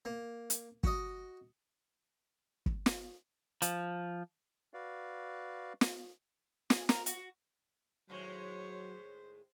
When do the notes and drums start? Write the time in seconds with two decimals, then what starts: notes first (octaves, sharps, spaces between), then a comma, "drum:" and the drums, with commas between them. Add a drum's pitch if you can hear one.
0.05 A#3
0.50 drum: hi-hat
0.83 F#4 D#5, drum: kick
2.66 drum: kick
2.86 drum: snare
3.62 F3, drum: hi-hat
4.74 F#4 B4 D5 F5
5.81 drum: snare
6.70 G#4, drum: snare
6.89 A#4, drum: snare
7.06 F#4, drum: hi-hat
8.10 A2 D#3 F#3 G#3 C5 C#5